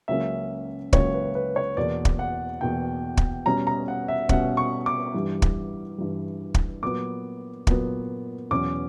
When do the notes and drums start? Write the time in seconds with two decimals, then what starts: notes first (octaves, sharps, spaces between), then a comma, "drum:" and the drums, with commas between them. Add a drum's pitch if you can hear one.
0.08 C#2 C#3 F#3 A#3 C#4 E5
0.93 C#2 C#3 F#3 A#3 C#4 C#5, drum: kick
1.14 B4
1.35 B4
1.56 C#5
1.77 E2 B2 A#3 D5
2.05 drum: kick
2.19 F#5
2.61 E2 B2 A#3 G5
3.17 drum: kick
3.46 B2 G3 C#4 A#5
3.67 A#5
3.88 F#5
4.08 E5
4.29 B2 G3 C#4 F#5, drum: kick
4.57 C#6
4.86 D6
5.14 G2 E3 G3
5.42 drum: kick
5.98 G2 E3 G3
6.54 drum: kick
6.82 A#2 F#3 B3 D6
7.67 A#2 F#3 B3, drum: kick
8.51 E2 B2 F#3 C#4 D6